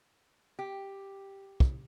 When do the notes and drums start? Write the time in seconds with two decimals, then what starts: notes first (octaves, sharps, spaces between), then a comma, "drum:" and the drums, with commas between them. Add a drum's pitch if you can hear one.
0.59 G4
1.60 drum: kick